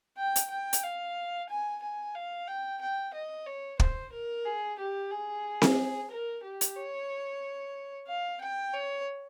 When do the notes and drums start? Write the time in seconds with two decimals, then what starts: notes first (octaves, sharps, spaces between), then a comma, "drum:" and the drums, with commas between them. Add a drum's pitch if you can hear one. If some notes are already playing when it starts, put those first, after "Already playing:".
0.17 G5
0.36 drum: hi-hat
0.50 G5
0.73 drum: hi-hat
0.83 F5
1.49 G#5
1.82 G#5
2.15 F5
2.47 G5
2.81 G5
3.14 D#5
3.46 C#5
3.80 C5, drum: kick
4.12 A#4
4.45 G#4
4.79 G4
5.11 G#4
5.62 drum: snare C4
6.10 A#4
6.43 G4
6.61 drum: hi-hat
6.76 C#5
8.08 F5
8.41 G5
8.73 C#5